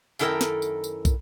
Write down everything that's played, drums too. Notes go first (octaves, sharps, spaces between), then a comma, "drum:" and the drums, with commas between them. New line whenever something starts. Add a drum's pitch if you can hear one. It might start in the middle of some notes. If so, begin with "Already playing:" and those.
F#2 D#3 E4 A4 A#4 G5, drum: tambourine
drum: snare
drum: tambourine
drum: tambourine
drum: kick, tambourine